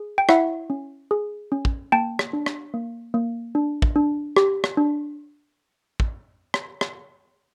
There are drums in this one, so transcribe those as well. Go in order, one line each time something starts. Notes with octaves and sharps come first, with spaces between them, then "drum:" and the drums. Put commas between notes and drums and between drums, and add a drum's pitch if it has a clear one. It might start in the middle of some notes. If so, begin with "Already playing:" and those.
Already playing: G#4
G5
E4 E5 F#5, drum: rim click
C#4
G#4
C#4
drum: kick
A#3 G5 A5
drum: rim click
D4
drum: rim click
A#3
A#3
D4
drum: kick
D4
G4, drum: rim click
drum: rim click
D4
drum: kick
drum: rim click
drum: rim click